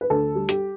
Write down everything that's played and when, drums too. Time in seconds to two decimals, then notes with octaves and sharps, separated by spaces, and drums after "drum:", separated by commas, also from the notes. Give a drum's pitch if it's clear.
0.01 B4
0.10 D2 A4
0.35 G3
0.49 G4, drum: hi-hat